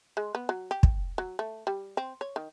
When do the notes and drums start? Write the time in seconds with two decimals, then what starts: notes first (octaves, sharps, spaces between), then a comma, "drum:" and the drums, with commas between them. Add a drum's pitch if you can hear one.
0.17 G#3
0.35 B3
0.49 F#3
0.71 G4
0.83 drum: kick
1.18 F#3
1.39 A3
1.67 G3
1.97 C4
2.21 C#5
2.36 D#3